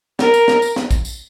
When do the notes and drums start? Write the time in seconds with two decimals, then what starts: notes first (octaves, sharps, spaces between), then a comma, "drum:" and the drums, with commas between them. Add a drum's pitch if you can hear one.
0.19 A#4, drum: snare
0.34 drum: tambourine
0.48 drum: snare
0.62 drum: tambourine
0.76 drum: snare
0.91 drum: kick, tambourine
1.05 drum: tambourine